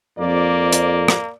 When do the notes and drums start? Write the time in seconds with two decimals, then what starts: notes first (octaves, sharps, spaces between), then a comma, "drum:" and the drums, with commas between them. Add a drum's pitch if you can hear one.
0.19 F2 A#3 D5
0.73 drum: hi-hat
1.08 drum: rim click